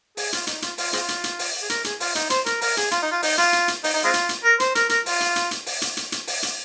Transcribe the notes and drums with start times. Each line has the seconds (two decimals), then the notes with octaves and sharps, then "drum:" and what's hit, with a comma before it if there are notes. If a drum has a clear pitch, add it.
0.17 G#4, drum: open hi-hat
0.33 F4, drum: hi-hat
0.47 D#4, drum: hi-hat
0.62 F4, drum: hi-hat
0.78 F4, drum: open hi-hat
0.93 G#3 C4 F4, drum: hi-hat
1.08 drum: hi-hat
1.24 drum: hi-hat
1.39 drum: open hi-hat
1.62 G#4
1.70 A#4, drum: hi-hat
1.84 G#4, drum: hi-hat
2.00 F4, drum: open hi-hat
2.15 D#4, drum: hi-hat
2.30 C5, drum: hi-hat
2.46 A#4, drum: hi-hat
2.61 A#4, drum: open hi-hat
2.77 G#4, drum: hi-hat
2.91 F4, drum: hi-hat
3.02 D#4
3.12 F4
3.22 D#4, drum: open hi-hat
3.38 F4, drum: hi-hat
3.53 drum: hi-hat
3.68 drum: hi-hat
3.84 D#4, drum: open hi-hat
3.94 D#4
4.04 G#3 C4 F4
4.14 drum: hi-hat
4.29 drum: hi-hat
4.44 A#4
4.60 C5, drum: hi-hat
4.75 A#4, drum: hi-hat
4.89 A#4, drum: hi-hat
5.06 F4, drum: open hi-hat
5.21 drum: hi-hat
5.36 drum: hi-hat
5.51 drum: hi-hat
5.66 drum: open hi-hat
5.82 drum: hi-hat
5.97 drum: hi-hat
6.12 drum: hi-hat
6.27 drum: open hi-hat
6.43 drum: hi-hat